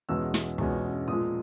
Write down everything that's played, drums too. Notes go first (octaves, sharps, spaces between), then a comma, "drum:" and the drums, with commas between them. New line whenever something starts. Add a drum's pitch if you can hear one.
E2 B2 G#3 C#4 E6
drum: snare
E2 B2 G#3 C#4, drum: kick
A#2 F3 G#3 D#6